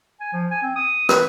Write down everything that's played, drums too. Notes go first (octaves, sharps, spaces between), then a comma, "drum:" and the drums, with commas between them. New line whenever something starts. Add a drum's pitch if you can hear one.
G#5
F3
G#5
C4
D#6
B4, drum: rim click